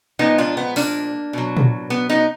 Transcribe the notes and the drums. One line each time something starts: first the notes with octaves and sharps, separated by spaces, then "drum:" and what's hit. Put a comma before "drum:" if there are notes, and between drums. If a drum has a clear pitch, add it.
A#2 F3 G#3 B3 D#4
D4 F4
B3
A#3 D4, drum: open hi-hat
B2 F#3
drum: tom
B3
B3 D#4